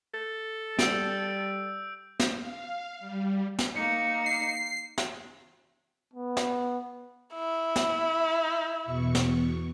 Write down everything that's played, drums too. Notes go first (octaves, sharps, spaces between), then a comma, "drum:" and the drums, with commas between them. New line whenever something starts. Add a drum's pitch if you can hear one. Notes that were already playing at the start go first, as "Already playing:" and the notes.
A4
G3 E6 G6 D7, drum: snare
drum: snare
F5
G3
drum: snare
A#3 D#4 C#7
C7
drum: snare
B3
drum: snare
E4
drum: snare
E2 B2 C#6
drum: snare